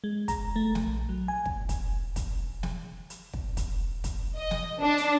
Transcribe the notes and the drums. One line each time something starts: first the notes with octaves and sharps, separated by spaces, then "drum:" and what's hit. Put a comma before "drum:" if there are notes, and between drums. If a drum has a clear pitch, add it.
G#3
A#5, drum: kick, hi-hat
A3
drum: snare
A#1
F#3
G#5
drum: kick
drum: kick, hi-hat
drum: kick, hi-hat
drum: snare
drum: hi-hat
drum: kick
drum: kick, hi-hat
drum: kick, hi-hat
D#5
drum: snare
D4
drum: hi-hat